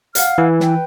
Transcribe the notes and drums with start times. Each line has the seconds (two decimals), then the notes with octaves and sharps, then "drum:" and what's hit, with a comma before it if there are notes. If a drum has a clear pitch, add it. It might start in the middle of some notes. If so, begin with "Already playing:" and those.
0.15 F5 F#5 F6, drum: hi-hat
0.38 E3
0.60 B4 G5, drum: snare